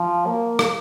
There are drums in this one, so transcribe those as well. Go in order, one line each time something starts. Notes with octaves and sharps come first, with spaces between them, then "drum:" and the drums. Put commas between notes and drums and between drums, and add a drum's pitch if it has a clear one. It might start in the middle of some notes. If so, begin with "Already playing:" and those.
Already playing: F3
A#3
drum: rim click